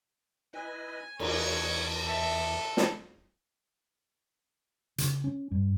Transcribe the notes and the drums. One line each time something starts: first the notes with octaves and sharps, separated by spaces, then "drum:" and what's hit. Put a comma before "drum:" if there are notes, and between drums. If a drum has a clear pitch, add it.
E4 B4 D#5 G#5
E2 E3 C#5, drum: cymbal
A4 E5
drum: snare
C#3, drum: hi-hat
C#4
G2